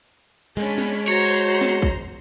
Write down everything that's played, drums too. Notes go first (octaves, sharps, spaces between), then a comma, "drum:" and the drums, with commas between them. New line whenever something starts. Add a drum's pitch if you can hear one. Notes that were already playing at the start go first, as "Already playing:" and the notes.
G#3 C#4 D4 B5
drum: snare
F#4 C5 C#5 A#5 C6
drum: snare
drum: kick